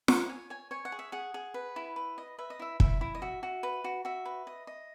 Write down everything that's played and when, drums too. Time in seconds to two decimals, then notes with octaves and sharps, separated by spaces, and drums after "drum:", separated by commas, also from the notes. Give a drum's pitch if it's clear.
0.08 C#5 F#5, drum: snare
0.29 C#5 G#5
0.50 C#5 G#5
0.71 C#5 G#5
0.85 F#5
0.92 G#4
0.99 E5
1.12 G#4 F#5
1.34 G#4
1.54 B4
1.76 E4
1.96 B4
2.18 D#5
2.38 B4 E5
2.50 D#5
2.60 E4 E5
2.80 E4 E5, drum: kick
3.01 E4
3.15 D#5
3.22 F#4 E5
3.43 F#4
3.63 B4
3.84 F#4
4.05 F#4 E5
4.25 B4
4.47 D#5
4.67 D#5